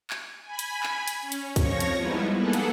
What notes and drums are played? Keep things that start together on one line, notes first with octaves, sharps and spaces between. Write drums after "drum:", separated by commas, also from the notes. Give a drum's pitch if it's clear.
drum: clap
G#5 B5
drum: hi-hat
drum: clap
drum: hi-hat
C#4
drum: hi-hat
F2 F3 C#5 C#6 A#6, drum: kick, hi-hat
drum: hi-hat
F3 G3 G#3 B3 D#4 E4
A#3 B3 G#4 A4 F#5
drum: hi-hat